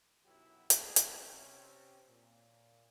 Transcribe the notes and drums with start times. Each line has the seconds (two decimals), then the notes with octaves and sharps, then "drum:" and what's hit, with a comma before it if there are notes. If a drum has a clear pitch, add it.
0.25 B1 F#2 F#3 B3 E4 G4
0.70 G#1 G#2 G#3 G#4, drum: hi-hat
0.96 drum: hi-hat
1.17 C3 C4 C#4
2.08 A#2